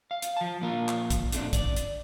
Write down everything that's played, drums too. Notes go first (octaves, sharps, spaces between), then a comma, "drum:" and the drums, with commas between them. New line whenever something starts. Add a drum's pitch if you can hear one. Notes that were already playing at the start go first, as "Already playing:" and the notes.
F5
drum: hi-hat
F3 A5
A#2 F3 A#3 F4 A4 A#4
drum: clap
drum: kick, hi-hat
A#2 A3 C4 D4, drum: hi-hat
D5, drum: kick, hi-hat
drum: hi-hat